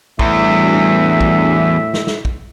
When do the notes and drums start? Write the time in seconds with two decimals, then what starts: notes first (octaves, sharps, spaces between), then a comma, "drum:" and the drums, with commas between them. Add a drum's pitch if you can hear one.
0.19 E2 A2 G3 D4 F#4 E5, drum: kick
1.21 drum: kick
1.94 drum: snare
2.07 drum: snare
2.25 drum: kick